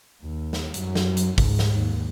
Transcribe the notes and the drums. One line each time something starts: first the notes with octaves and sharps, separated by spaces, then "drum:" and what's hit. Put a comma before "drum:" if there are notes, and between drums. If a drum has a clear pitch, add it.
D#2
drum: snare
F#2 F#3, drum: hi-hat
drum: snare
drum: hi-hat
C#2 G#2, drum: kick, open hi-hat
drum: snare
D#2